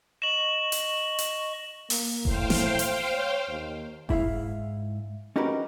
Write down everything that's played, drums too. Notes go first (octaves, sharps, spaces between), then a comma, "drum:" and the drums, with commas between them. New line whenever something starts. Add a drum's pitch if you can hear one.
D#5 C#6 E7 F#7
drum: hi-hat
drum: hi-hat
A#3, drum: open hi-hat
A2 C5 F5 G5, drum: kick F1
drum: snare
drum: hi-hat
C#5
D#2
G#2 E4 E5 F5, drum: kick F1
C#4 D#4 F#4 G4 A#4 B4